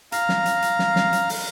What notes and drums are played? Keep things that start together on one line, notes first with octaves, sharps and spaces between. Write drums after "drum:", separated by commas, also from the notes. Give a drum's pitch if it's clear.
F5 A#5, drum: hi-hat
drum: snare
drum: hi-hat
drum: hi-hat
drum: snare
drum: snare
drum: hi-hat
drum: open hi-hat